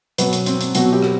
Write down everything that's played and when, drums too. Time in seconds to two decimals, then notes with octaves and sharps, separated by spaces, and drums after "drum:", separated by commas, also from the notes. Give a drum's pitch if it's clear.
0.18 B2 F#3 B3, drum: hi-hat
0.33 drum: hi-hat
0.46 C4, drum: hi-hat
0.61 drum: hi-hat
0.75 B2 F#3 F#4, drum: hi-hat
0.93 G4
1.02 drum: rim click